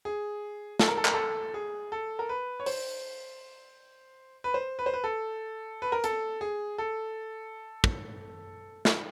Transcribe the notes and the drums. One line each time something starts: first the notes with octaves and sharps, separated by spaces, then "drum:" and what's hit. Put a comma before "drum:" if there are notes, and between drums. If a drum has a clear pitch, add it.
G#4
A4, drum: snare
A#4
A4
A#4, drum: clap
A4
G#4
A4
A#4
B4
C#5
C5, drum: open hi-hat
B4
C5
B4
C5
B4
A4
B4
A#4
A4, drum: hi-hat
G#4
A4
drum: kick
drum: snare